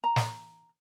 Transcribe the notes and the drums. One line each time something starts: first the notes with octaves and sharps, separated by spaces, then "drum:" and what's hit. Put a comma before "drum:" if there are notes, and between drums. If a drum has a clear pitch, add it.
A#5
drum: snare